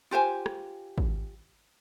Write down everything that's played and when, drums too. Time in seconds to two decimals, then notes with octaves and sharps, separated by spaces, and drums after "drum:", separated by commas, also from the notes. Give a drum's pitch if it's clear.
0.11 F4 G4 C5 G#5
0.46 drum: rim click
0.98 drum: kick